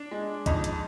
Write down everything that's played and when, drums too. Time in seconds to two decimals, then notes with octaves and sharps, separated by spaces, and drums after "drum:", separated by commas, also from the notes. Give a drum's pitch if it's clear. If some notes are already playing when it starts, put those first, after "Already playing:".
Already playing: D4 D5
0.11 G#3
0.46 F2 D#4, drum: kick, hi-hat
0.64 drum: hi-hat